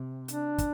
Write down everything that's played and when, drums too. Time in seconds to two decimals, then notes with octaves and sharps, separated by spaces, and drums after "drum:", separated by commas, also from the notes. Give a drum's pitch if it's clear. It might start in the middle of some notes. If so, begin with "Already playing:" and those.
Already playing: C3
0.28 D4, drum: hi-hat
0.58 drum: kick, hi-hat